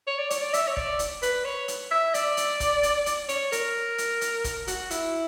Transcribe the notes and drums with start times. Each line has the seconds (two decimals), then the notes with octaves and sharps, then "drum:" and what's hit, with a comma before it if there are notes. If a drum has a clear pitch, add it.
0.07 C#5
0.19 D5
0.30 C#5, drum: hi-hat
0.42 D5
0.54 E5, drum: hi-hat
0.68 C#5
0.77 D5, drum: kick
0.99 drum: hi-hat
1.22 B4, drum: hi-hat
1.45 C#5
1.68 drum: hi-hat
1.91 E5
2.14 D5, drum: hi-hat
2.37 drum: hi-hat
2.60 drum: kick, hi-hat
2.83 drum: hi-hat
3.06 drum: hi-hat
3.29 C#5, drum: hi-hat
3.52 A#4, drum: hi-hat
3.98 drum: hi-hat
4.21 drum: hi-hat
4.44 drum: kick, hi-hat
4.67 F#4, drum: hi-hat
4.91 E4, drum: hi-hat